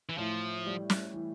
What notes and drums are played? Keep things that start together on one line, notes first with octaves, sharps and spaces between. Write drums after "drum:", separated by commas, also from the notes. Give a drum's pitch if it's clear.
E3
A2 F3
G3
drum: snare
E3